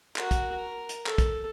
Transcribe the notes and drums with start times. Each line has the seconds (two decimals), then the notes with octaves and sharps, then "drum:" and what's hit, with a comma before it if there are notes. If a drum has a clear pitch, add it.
0.16 F#4 A#4, drum: clap
0.31 drum: kick, hi-hat
0.56 A#4
0.89 drum: hi-hat
1.06 A4, drum: clap
1.18 drum: kick, hi-hat